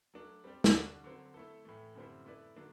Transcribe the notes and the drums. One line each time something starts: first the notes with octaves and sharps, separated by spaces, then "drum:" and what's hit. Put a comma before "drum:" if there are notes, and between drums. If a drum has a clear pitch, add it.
F#3 A3 D4
G3 C4 G4 D5
drum: snare
D3 G3 D4 F#4
D3 F#3 C4
A3 E4 A4
A2 E3 A3
F#2 D3 G3 C4 E4
A3 E4 B4 D5
D3 F#3 A3 D4